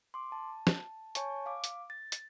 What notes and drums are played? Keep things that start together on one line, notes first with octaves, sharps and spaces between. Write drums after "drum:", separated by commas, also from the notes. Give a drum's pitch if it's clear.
C6 D6
A5
drum: snare
C#5 G#5 A5 C#6, drum: hi-hat
F5 D6
drum: hi-hat
A6
drum: hi-hat